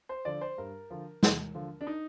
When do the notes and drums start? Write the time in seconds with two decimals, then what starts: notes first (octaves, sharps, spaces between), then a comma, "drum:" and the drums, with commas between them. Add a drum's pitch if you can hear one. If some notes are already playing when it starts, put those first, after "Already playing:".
0.09 C5
0.25 D3 F3 D5
0.41 C5
0.58 G2 A#4
0.90 D3 F3
1.23 D#2, drum: snare
1.55 D3 F3
1.81 D4
1.87 D#4